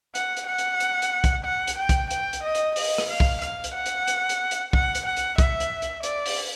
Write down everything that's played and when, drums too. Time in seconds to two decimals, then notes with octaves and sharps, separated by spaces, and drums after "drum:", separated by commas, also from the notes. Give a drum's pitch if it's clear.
0.15 F#5, drum: hi-hat
0.37 drum: hi-hat
0.47 F#5
0.58 drum: hi-hat
0.80 drum: hi-hat
1.02 drum: hi-hat
1.24 drum: kick, hi-hat
1.45 F#5
1.67 drum: hi-hat
1.78 G5
1.89 drum: kick, hi-hat
2.11 G5, drum: hi-hat
2.33 drum: hi-hat
2.44 D#5
2.55 drum: hi-hat
2.76 D#5, drum: open hi-hat
2.98 drum: rim click
3.09 F5
3.20 drum: kick
3.42 F5, drum: hi-hat
3.64 drum: hi-hat
3.74 F#5
3.86 drum: hi-hat
4.07 drum: hi-hat
4.29 drum: hi-hat
4.51 drum: hi-hat
4.73 F#5, drum: kick
4.95 drum: hi-hat
5.06 F#5
5.17 drum: hi-hat
5.38 E5, drum: kick, hi-hat
5.60 drum: hi-hat
5.82 drum: hi-hat
6.03 D5, drum: hi-hat
6.26 drum: open hi-hat